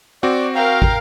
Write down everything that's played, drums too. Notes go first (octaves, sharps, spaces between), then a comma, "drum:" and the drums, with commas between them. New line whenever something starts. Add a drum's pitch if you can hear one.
C4 F#4 D5 D6
A#4 F5 G5 A#5
drum: kick